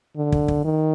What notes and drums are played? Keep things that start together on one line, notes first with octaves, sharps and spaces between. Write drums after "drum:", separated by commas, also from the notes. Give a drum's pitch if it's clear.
D3
drum: kick
drum: kick
D#3